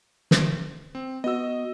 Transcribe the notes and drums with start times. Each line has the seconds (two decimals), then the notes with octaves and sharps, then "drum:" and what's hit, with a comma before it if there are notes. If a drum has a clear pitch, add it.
0.31 drum: snare
0.95 C4
1.24 B3 F#4 D#5 E6